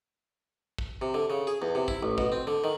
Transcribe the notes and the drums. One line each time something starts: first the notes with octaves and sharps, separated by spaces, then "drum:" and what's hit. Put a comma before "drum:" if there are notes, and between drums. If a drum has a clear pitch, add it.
drum: kick
C3
D3
C#3
G#4
E2
C3
E4, drum: kick
A1
B2, drum: kick
C4
D3
D#3